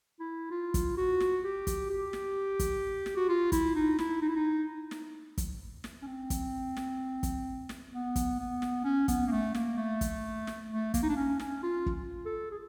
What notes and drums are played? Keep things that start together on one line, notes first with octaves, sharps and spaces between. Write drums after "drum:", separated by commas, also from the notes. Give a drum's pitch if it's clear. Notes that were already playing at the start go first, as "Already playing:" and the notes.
E4
F4
drum: kick, hi-hat
F#4
drum: snare
G4
drum: kick, hi-hat
G4
drum: snare
drum: kick, hi-hat
drum: snare
F#4
F4
E4, drum: kick, hi-hat
D#4
E4, drum: snare
D#4
E4
D#4
drum: snare
drum: kick, hi-hat
drum: snare
C#4
C4
drum: kick, hi-hat
drum: snare
drum: kick, hi-hat
drum: snare
B3
drum: kick, hi-hat
B3
drum: snare
C#4
B3, drum: kick, hi-hat
A#3
A3
A#3, drum: snare
A3
drum: kick, hi-hat
drum: snare
A3
A#3, drum: kick, hi-hat
D#4
D4
C#4
C#4, drum: snare
F4
drum: kick
A4
G#4